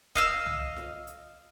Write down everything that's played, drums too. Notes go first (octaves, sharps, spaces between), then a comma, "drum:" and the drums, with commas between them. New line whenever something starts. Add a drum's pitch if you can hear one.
D#5 F5 E6, drum: kick E1
drum: tom
drum: snare F4
drum: hi-hat